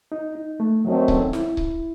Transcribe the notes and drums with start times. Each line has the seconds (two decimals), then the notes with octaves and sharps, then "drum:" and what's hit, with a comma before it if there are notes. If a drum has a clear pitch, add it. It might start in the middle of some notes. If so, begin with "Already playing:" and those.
0.12 D#4
0.35 D#4
0.60 A3
0.84 F#2 D#3 F#3 A3 C4
1.08 C#4, drum: kick C#1
1.33 E4, drum: snare
1.57 drum: kick C#1